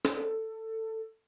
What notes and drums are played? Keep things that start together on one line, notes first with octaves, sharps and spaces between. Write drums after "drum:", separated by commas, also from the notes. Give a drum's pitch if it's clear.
A4, drum: snare